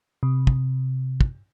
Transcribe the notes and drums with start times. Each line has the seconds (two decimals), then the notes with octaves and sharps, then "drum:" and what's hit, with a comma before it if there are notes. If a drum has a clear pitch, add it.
0.23 C3
0.47 drum: kick
1.21 drum: kick